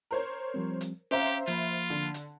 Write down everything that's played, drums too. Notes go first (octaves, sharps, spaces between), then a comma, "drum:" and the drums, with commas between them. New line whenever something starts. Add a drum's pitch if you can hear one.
A#4 C5 C#5
F3 G3 C4
drum: hi-hat
C#4 G4 C5 E5 F5 A#5
drum: hi-hat
F3 A#3 F4 B5, drum: hi-hat
D3
drum: hi-hat